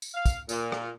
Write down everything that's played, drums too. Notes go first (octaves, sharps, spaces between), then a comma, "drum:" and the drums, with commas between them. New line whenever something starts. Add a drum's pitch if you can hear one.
drum: tambourine
F5
drum: kick, tambourine
A#2, drum: tambourine
drum: rim click